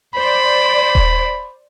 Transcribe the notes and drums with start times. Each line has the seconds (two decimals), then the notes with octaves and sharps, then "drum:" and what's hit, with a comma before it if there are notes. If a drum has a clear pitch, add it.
0.15 C5 D5 B5
0.95 drum: kick D#1